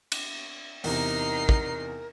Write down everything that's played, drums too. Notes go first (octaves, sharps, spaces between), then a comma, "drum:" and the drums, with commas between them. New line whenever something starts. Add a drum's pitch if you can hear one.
drum: cymbal
E2 C3 D#4 A#4 C7, drum: open hi-hat
drum: kick